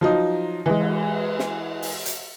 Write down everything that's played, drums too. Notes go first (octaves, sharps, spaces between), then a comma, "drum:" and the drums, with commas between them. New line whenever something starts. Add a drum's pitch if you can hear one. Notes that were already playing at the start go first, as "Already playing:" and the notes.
F3 F#3 D#4
E3 G#3
drum: cymbal
drum: snare
drum: open hi-hat
drum: hi-hat